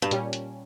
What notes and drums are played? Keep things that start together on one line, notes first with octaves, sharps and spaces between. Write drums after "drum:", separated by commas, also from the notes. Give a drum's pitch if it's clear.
G2
A#2 G3 C#4, drum: hi-hat
drum: hi-hat